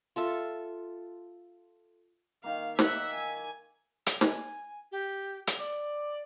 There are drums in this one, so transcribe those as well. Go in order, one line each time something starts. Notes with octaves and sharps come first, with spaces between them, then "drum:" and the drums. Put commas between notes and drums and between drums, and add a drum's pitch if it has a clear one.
F4 A4 E5
D#3 A#3 F5
E5 F#5, drum: snare
G#5
drum: hi-hat
G#5, drum: snare
G4
drum: hi-hat
D5